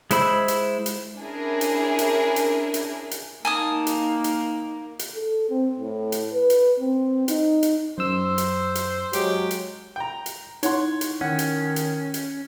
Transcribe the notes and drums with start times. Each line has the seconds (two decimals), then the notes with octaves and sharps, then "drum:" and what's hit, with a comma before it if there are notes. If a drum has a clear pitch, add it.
0.11 G#3 E4 C5 B5 E6, drum: hi-hat
0.48 drum: hi-hat
0.86 drum: hi-hat
1.19 C#4 D4 E4 G#4 A#4 G#5
1.61 drum: hi-hat
1.99 drum: hi-hat
2.36 drum: hi-hat
2.74 drum: hi-hat
3.11 drum: hi-hat
3.45 A#3 D#4 G#5 A5 D#6
3.87 drum: hi-hat
4.24 drum: hi-hat
4.99 drum: hi-hat
5.15 A4
5.50 C4
5.79 A2
6.12 drum: hi-hat
6.33 B4
6.50 drum: hi-hat
6.80 C4
7.28 D#4, drum: hi-hat
7.63 drum: hi-hat
7.98 F#2 C5 E6
8.38 drum: hi-hat
8.75 drum: hi-hat
9.13 F#3 G#3 G4, drum: hi-hat
9.51 drum: hi-hat
9.96 G5 A#5
10.26 drum: hi-hat
10.63 D#4 E4 C#5 F#5 C6, drum: hi-hat
11.01 drum: hi-hat
11.21 D#3 C#4 F#5
11.39 drum: hi-hat
11.76 drum: hi-hat
12.14 drum: hi-hat